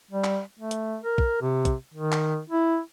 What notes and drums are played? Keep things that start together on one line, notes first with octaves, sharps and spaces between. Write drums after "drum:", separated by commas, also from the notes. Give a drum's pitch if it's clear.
G3
drum: clap
A3
drum: hi-hat
A#4
drum: kick
C3
drum: kick, hi-hat
D#3
drum: clap
E4